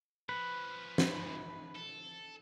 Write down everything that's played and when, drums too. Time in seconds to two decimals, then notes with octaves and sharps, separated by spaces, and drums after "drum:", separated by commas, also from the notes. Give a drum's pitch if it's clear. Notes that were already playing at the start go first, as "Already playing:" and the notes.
0.29 F3 C#4 B4
0.98 drum: snare
1.75 A4